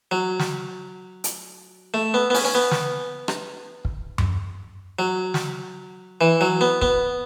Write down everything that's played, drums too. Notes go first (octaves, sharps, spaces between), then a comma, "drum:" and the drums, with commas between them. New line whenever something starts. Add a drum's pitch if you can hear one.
F#3
drum: snare
drum: hi-hat
A3
B3
B3
C#4, drum: open hi-hat
C#4
B3
drum: snare
drum: rim click
drum: kick
drum: tom F#2
F#3
drum: snare
E3
F#3
B3
B3, drum: kick